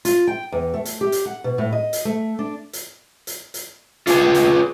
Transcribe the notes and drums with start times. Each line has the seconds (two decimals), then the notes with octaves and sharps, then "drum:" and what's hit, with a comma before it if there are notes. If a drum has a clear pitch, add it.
0.05 F4, drum: hi-hat
0.27 G5
0.52 E2
0.74 A3
0.85 drum: hi-hat
1.01 G4
1.12 drum: hi-hat
1.26 F#5
1.44 B2
1.58 A2
1.72 D#5
1.93 drum: hi-hat
2.05 A3
2.39 D4
2.73 drum: hi-hat
3.27 drum: hi-hat
3.54 drum: hi-hat
4.07 F4 G#4 B4 G#5, drum: hi-hat
4.34 drum: hi-hat